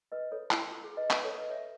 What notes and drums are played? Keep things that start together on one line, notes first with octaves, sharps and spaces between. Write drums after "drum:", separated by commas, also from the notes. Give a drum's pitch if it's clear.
B4 D#5
A4 C#5
E4, drum: clap
F#4
G#4
B4 D#5
B4 D#5, drum: clap
A4 C#5
B4 D#5
C#5 E5